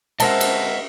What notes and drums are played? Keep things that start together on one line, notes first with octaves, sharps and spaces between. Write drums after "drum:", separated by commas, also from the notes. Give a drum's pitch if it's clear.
G#3 C4 A#4 D#5 E5 F#5 A5 A#6, drum: cymbal
drum: cymbal